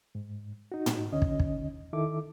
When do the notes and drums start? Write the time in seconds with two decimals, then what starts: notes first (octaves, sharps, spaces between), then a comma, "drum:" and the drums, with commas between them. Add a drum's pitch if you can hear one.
0.15 G#2
0.72 D#4 F#4
0.86 drum: tom
1.13 D2 D3 C#4 D#5
1.22 drum: kick
1.40 drum: kick
1.93 D#3 E4 A4 E5 D6